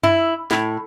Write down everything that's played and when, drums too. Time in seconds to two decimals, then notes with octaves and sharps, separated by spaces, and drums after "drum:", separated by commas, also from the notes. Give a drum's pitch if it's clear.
0.03 E4, drum: tom F#2
0.51 A2, drum: snare